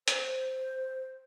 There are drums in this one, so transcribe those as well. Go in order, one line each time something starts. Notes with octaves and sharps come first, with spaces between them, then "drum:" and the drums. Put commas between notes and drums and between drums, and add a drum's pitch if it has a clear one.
C5, drum: hi-hat